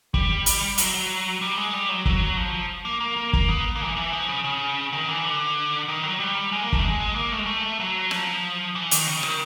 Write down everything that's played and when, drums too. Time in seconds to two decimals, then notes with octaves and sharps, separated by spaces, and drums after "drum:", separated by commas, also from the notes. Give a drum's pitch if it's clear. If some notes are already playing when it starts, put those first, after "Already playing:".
0.14 G3, drum: kick
0.46 drum: hi-hat
0.78 F#3, drum: hi-hat
0.94 F#3
1.41 G3
1.57 G#3
1.73 G3
1.89 F#3
2.06 F#3, drum: kick
2.37 F3
2.85 A#3
3.00 A#3
3.17 A#3
3.33 A#3, drum: kick
3.48 B3
3.75 A#3
3.86 E3
3.97 E3
4.13 F3
4.28 C#3
4.44 C#3
4.92 D#3
5.08 E3
5.24 D3
5.88 D#3
6.03 F#3
6.20 G3
6.52 G#3
6.63 A#3
6.73 A3, drum: kick
6.83 G#3
7.00 G#3
7.16 A#3
7.32 A3
7.39 G#3
7.46 A3
7.80 F#3
8.11 F3, drum: rim click
8.75 E3
8.91 D#3, drum: hi-hat
9.07 C#3
9.23 D#3, drum: rim click